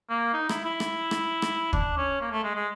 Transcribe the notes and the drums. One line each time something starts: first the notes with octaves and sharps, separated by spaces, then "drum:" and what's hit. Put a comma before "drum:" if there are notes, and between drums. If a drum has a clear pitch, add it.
A#3
D#4
E4, drum: rim click
E4
drum: rim click
drum: rim click
drum: rim click
D4, drum: kick
C#4
A#3
A3
G#3
G#3